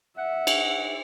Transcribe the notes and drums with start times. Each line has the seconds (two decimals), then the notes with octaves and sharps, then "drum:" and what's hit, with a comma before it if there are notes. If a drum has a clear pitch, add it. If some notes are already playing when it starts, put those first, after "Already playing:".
0.18 E5 F#5
0.47 drum: cymbal